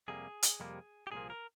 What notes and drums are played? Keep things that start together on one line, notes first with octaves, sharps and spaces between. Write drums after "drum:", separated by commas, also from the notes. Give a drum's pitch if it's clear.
F2 C3 G3 A#3 G#4
drum: hi-hat
F2 C3 G3 A#3
G4
C2 A#2 F3 A#3 G#4
A#4